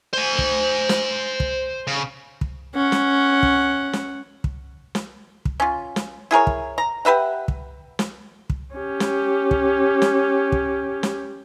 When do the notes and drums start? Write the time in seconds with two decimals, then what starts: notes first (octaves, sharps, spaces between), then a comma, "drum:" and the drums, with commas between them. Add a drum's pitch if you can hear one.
0.13 C5 G#5
0.39 drum: kick
0.89 drum: snare
1.40 drum: kick
1.87 C#3
2.41 drum: kick
2.75 C#4 F#5
2.92 drum: snare
3.43 drum: kick
3.93 drum: snare
4.44 drum: kick
4.95 drum: snare
5.45 drum: kick
5.60 C#4 F4
5.96 drum: snare
6.31 E4 G#4 A#4 C#5
6.47 drum: kick
6.78 A#5
7.05 G4 B4 E5 F#5
7.48 drum: kick
7.99 drum: snare
8.50 drum: kick
8.75 C#4 G4
9.00 drum: snare
9.51 drum: kick
10.02 drum: snare
10.52 drum: kick
11.03 drum: snare